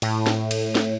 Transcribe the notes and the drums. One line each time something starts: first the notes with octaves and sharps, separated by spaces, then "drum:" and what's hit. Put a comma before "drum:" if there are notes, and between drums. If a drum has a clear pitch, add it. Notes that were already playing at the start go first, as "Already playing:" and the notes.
A2, drum: cymbal
drum: snare
drum: cymbal
drum: snare